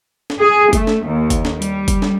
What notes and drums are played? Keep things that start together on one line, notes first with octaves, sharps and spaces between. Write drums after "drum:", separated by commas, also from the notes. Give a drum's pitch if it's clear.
drum: snare
G#4
A3, drum: kick, hi-hat
drum: snare
D#2
drum: kick, hi-hat
drum: snare
G3, drum: hi-hat
drum: kick, hi-hat
drum: snare